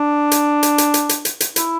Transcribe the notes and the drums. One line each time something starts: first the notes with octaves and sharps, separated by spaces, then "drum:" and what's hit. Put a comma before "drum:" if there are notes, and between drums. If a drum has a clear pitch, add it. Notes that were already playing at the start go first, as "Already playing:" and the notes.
Already playing: D4
drum: hi-hat
drum: hi-hat
drum: hi-hat
drum: hi-hat
drum: hi-hat
drum: hi-hat
drum: hi-hat
E4, drum: hi-hat